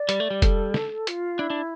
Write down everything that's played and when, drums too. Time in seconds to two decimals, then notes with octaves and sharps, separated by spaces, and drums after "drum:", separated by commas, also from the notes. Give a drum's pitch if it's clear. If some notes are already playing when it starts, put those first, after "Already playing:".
Already playing: D5
0.09 G3, drum: hi-hat
0.20 A3
0.31 G3
0.42 A4, drum: kick F1, hi-hat
0.74 drum: snare
1.07 F4, drum: hi-hat
1.39 D4 E4
1.50 D4